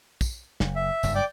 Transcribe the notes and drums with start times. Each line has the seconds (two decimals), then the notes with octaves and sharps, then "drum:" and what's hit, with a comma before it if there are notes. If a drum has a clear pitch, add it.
0.21 drum: kick, tambourine
0.60 F#1, drum: snare
0.76 E5
1.03 F#1 G2 G3, drum: tambourine
1.15 D5 G5 D6